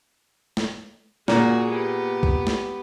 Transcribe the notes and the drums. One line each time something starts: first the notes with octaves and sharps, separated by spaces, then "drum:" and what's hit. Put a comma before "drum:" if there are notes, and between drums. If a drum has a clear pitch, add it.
drum: snare
A#2 G#3 F#4 G#4, drum: snare
B3 G4
drum: kick
drum: snare